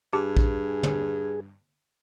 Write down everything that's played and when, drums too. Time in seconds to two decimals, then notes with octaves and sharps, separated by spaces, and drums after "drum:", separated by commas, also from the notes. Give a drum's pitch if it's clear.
0.13 G2 G4 G#4 A5
0.37 drum: kick
0.83 drum: tom